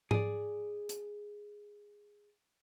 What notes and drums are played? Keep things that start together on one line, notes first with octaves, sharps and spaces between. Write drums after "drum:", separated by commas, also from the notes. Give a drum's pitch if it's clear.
G#4 D5, drum: tom G#2
drum: hi-hat